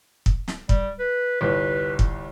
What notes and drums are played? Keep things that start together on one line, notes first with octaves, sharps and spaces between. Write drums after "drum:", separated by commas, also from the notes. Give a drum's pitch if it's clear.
drum: kick
drum: snare
G3, drum: kick
B4
G1 C2 B4
drum: kick